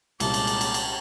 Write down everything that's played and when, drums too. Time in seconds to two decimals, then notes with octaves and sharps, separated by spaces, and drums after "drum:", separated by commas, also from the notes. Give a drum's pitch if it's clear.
0.20 C2 A#2 G#3 C#4 A5 D6, drum: cymbal
0.34 drum: cymbal
0.47 drum: cymbal
0.61 drum: cymbal
0.74 drum: cymbal